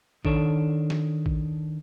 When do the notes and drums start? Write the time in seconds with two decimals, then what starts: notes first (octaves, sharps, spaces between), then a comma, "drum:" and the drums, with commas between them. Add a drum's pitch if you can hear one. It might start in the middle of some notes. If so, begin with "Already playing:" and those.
0.25 D#3 D4 A4 C#5, drum: kick A#1
0.90 drum: snare
1.26 drum: kick A#1